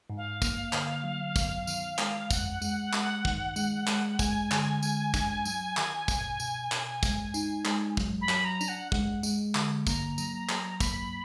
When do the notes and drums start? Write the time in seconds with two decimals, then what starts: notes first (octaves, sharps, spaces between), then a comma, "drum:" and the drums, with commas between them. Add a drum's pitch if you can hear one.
0.10 G#2
0.17 F5
0.42 A#3, drum: kick, tambourine
0.73 D3, drum: clap
1.04 F#3
1.36 B3, drum: kick, tambourine
1.67 D#3, drum: tambourine
1.98 G#3, drum: clap
2.31 F2 F#5, drum: kick, tambourine
2.62 G#3, drum: tambourine
2.93 G#3, drum: clap
3.25 D#3, drum: kick
3.56 G#3, drum: tambourine
3.87 G#3, drum: clap
4.19 G#3 G#5, drum: kick, tambourine
4.51 D3, drum: clap
4.83 G#3, drum: tambourine
5.14 D4, drum: kick, tambourine
5.45 F#3, drum: tambourine
5.77 D#3, drum: clap
6.08 B2, drum: kick, tambourine
6.40 B2, drum: tambourine
6.72 B2, drum: clap
7.03 G#3, drum: kick, tambourine
7.34 D#4, drum: tambourine
7.65 G#3, drum: clap
7.97 F#3, drum: kick
8.21 B5
8.29 F#3, drum: clap
8.45 A#5
8.61 D4, drum: tambourine
8.68 F#5
8.92 G#3 F#5, drum: kick
9.23 G#3, drum: tambourine
9.55 D3, drum: clap
9.87 A#3 A#5, drum: kick, tambourine
10.18 F#3, drum: tambourine
10.49 F#3, drum: clap
10.80 A#3 B5, drum: kick, tambourine